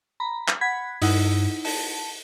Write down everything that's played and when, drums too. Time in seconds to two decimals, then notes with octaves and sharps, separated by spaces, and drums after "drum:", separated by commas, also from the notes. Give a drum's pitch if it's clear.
0.20 A#5 B5
0.48 drum: clap
0.61 F#5 B5 G#6 B6
1.02 G2 D#4 E4 F#5, drum: open hi-hat
1.65 A5, drum: open hi-hat